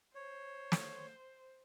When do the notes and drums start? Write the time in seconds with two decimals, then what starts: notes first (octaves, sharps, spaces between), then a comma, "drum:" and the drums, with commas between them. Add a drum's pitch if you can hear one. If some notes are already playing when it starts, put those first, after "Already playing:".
0.15 C5 C#5
0.72 drum: snare